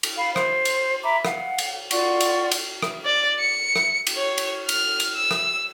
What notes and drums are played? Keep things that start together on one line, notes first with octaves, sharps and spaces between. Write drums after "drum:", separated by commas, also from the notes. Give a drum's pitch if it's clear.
drum: cymbal
F5 B5
C5, drum: rim click
drum: cymbal
E5 A#5 B5 D6
F5 F#5, drum: rim click
drum: cymbal
F4 D5 F#5 C#6, drum: cymbal
drum: cymbal
drum: cymbal
drum: rim click
D5
C#7
drum: rim click
drum: cymbal
C#5
drum: cymbal
F6, drum: cymbal
drum: cymbal
E6
drum: rim click